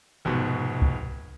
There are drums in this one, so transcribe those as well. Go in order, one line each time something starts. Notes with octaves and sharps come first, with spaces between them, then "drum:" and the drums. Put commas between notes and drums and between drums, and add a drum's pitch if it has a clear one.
F1 G#2 B2
drum: kick C2